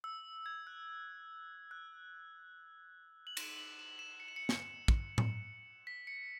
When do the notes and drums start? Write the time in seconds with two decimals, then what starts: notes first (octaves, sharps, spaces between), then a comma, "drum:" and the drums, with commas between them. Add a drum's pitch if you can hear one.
0.04 E6
0.46 G#6
0.67 F#6
1.71 F#6
3.27 F#7
3.37 E7, drum: cymbal
3.57 F#7
3.79 E7
3.99 E7
4.20 C#7
4.28 E7
4.36 C#7
4.49 drum: snare
4.88 drum: kick
5.18 drum: tom A2
5.87 B6
6.07 C#7